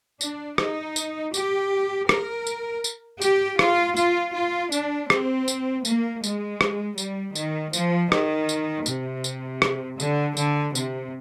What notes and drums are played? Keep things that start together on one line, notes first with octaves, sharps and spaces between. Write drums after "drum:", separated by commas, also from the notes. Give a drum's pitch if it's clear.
D4, drum: tambourine
D#4, drum: rim click
drum: tambourine
G4, drum: tambourine
A#4, drum: rim click
drum: tambourine
drum: tambourine
G4, drum: tambourine
F4, drum: rim click
F4, drum: tambourine
F4
D4, drum: tambourine
C4, drum: rim click
drum: tambourine
A#3, drum: tambourine
G#3, drum: tambourine
drum: rim click
G3, drum: tambourine
D#3, drum: tambourine
F3, drum: tambourine
D#3, drum: rim click
drum: tambourine
C3, drum: tambourine
drum: tambourine
drum: rim click
D3, drum: tambourine
D3, drum: tambourine
C3, drum: tambourine